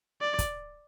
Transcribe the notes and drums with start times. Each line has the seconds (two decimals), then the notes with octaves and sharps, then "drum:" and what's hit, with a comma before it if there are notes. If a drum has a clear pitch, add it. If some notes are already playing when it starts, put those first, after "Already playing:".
0.21 D5
0.39 drum: kick, hi-hat